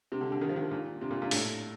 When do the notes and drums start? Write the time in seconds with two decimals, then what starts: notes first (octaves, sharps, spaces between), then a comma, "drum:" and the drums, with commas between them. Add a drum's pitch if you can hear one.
0.12 C3
0.21 D3
0.32 D3
0.41 D#3
0.49 F3
0.56 D#3
0.71 A#2
1.01 C3
1.11 A#2
1.22 A#2
1.31 A2, drum: open hi-hat